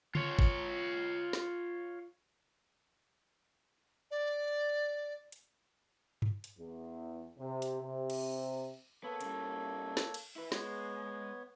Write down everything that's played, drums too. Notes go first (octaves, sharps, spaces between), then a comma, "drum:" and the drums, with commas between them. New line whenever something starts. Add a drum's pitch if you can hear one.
F4 C#5, drum: tom C#3
drum: kick G#1
drum: snare
D5
drum: hi-hat
drum: tom G2
drum: hi-hat
E2
C3
drum: hi-hat
C3
drum: cymbal
A#3 B3 A4 C#5
C#3 G3, drum: hi-hat
drum: snare
drum: cymbal
E4 B4
G#3 B3 C#5, drum: snare